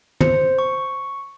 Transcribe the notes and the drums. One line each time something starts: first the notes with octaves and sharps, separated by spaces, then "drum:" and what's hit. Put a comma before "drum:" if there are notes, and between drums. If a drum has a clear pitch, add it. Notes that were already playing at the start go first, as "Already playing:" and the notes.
C5, drum: tom
C#6